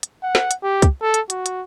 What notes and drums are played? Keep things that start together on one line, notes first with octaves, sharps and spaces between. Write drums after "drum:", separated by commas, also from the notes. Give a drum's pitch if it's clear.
drum: hi-hat
F#5
drum: snare
drum: hi-hat
G4
drum: kick, hi-hat
A4
drum: hi-hat
F#4, drum: hi-hat
drum: hi-hat